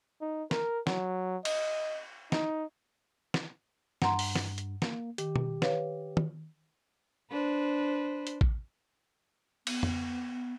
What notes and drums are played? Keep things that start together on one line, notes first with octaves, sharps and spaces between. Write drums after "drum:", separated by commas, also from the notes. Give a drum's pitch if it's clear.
D#4
A#4, drum: snare
F#3, drum: snare
D#5, drum: cymbal
D#4, drum: snare
drum: snare
G2 F#5 A#5 C6, drum: snare
drum: open hi-hat
drum: snare
drum: hi-hat
A#3, drum: snare
D#3 G4, drum: hi-hat
drum: tom B2
B4 C#5 F5, drum: snare
drum: tom
D4 B4 C5
drum: hi-hat
drum: kick A1
B3, drum: cymbal
drum: tom F2